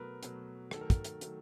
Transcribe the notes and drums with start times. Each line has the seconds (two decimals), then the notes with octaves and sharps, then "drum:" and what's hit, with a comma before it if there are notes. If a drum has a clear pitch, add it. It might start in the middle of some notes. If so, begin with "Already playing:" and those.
Already playing: B2 F#3 A3 A#4 B4
0.23 B2 F#3 A3, drum: hi-hat
0.71 D#3 F#3 A3 A4, drum: rim click
0.81 A#4
0.90 A4, drum: kick, hi-hat
1.04 drum: hi-hat
1.21 D#3 F#3 A3, drum: hi-hat